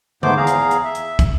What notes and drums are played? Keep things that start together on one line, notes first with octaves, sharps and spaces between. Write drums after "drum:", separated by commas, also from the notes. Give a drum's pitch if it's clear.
G#2 A3 B3 C5 D6, drum: tom D3
E2 G#4 F5 A#5
drum: hi-hat
drum: hi-hat
E5
drum: hi-hat
drum: kick, hi-hat